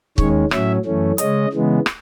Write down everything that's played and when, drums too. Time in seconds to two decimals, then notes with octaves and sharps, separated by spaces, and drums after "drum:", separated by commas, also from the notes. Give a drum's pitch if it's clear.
0.18 D#2 D#3 G#3 C#4 C#5, drum: kick
0.51 A2 F#3 C#4 E5, drum: rim click
0.85 F#2 E3 A3 C#4
1.18 C#3 G#3 C#4 D#5, drum: hi-hat
1.52 C#3 E3 G#3 B3
1.86 drum: rim click